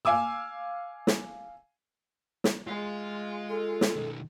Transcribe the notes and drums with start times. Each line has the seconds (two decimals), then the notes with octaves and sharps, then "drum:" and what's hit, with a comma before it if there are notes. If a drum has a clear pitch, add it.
0.05 F5 G#5 D6 E6
1.07 drum: snare
2.44 drum: snare
2.67 G#3 F4
3.49 A4
3.81 drum: snare
3.96 B1 D#3